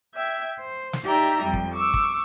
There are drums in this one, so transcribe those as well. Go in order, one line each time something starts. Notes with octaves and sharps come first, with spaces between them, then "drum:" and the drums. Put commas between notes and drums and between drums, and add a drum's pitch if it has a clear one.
E5 G5 G#6
C5
drum: snare
D#4 G4 D5 E5 G5 A#5
F2 G3 G5
drum: kick
C#6 D6 E6
drum: kick